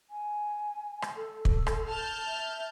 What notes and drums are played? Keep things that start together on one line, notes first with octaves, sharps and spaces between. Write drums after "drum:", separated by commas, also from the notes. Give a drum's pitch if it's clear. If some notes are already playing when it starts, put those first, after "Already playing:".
G#5
drum: rim click
A4
drum: kick
drum: rim click
A5 F6 G6
E5